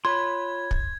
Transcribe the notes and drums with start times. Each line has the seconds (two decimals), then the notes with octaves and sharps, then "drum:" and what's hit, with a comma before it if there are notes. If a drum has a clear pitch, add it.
0.05 F4 C#5 B5 C6 G#6
0.71 drum: kick